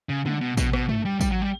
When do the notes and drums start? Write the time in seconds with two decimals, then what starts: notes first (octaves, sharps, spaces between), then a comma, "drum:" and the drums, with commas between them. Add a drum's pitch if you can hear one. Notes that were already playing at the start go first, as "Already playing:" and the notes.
0.09 C#3
0.26 D3, drum: tom
0.41 B2
0.57 B2, drum: kick, tambourine
0.73 B2, drum: rim click
0.89 A3, drum: tom
1.05 G3
1.21 G3, drum: kick, tambourine
1.32 F#3
1.42 G3